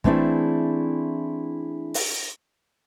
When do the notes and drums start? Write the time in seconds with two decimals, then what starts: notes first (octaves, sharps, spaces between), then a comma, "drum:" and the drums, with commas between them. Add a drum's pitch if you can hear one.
0.04 E3 A3 C4 D4 E4 G#4, drum: kick
1.94 drum: open hi-hat